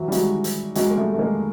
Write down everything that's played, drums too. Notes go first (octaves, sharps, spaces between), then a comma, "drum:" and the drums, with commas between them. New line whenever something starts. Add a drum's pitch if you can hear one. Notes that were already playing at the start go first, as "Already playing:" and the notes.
Already playing: E3 F#3
G3
F#3 G#3, drum: hi-hat
drum: hi-hat
F#3 G#3, drum: hi-hat
A#3
G3 A3
A3
G#3 A#3